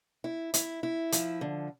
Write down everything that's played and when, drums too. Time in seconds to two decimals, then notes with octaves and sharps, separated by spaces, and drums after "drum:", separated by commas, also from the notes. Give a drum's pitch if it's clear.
0.24 E4
0.54 E4, drum: hi-hat
0.83 E4
1.12 F3, drum: hi-hat
1.41 D3